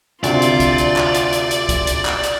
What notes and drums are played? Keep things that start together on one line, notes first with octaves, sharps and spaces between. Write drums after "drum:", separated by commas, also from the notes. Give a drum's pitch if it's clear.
D2 C3 F4 D5, drum: hi-hat
drum: hi-hat
drum: kick, hi-hat
drum: hi-hat
drum: clap
drum: hi-hat
drum: hi-hat
drum: hi-hat
drum: kick, hi-hat
drum: hi-hat
drum: clap
drum: hi-hat